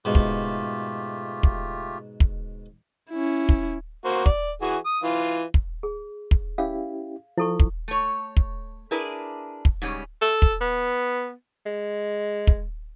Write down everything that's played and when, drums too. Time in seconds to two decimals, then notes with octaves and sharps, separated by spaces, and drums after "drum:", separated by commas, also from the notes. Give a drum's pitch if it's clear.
0.05 G#2 B2 A3 F4 G4
0.15 drum: kick
1.43 drum: kick
2.20 drum: kick
3.11 C#4 E4
3.49 drum: kick
4.05 A#3 F#4 C5
4.26 D5, drum: kick
4.62 E3 F#4 G#4
4.85 D#6
5.03 E3 F4
5.54 drum: kick
5.83 G#4
6.31 drum: kick
6.58 C#4 E4 G4 F5
7.38 F3 E4 A4 C#6
7.60 drum: kick
7.88 A3 C#5
8.37 drum: kick
8.91 D4 E4 G#4 A#4 B4
9.65 drum: kick
9.82 G#2 C#3 G3 C#4
10.22 A4
10.42 drum: kick
10.61 B3
11.66 G#3
12.47 drum: kick